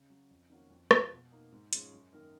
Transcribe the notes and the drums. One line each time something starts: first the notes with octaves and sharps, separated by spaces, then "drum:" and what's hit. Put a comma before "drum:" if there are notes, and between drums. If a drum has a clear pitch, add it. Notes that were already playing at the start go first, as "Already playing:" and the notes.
Already playing: C#3
F#3 C#4
F2
D#3 A#3 C#4 F#4
F2
F3 G#3 B3 F4, drum: rim click
B2
A#3 D#4
G#2
F3 G#3 C#4, drum: hi-hat
F#2
D#3 A#3 D#4 A#4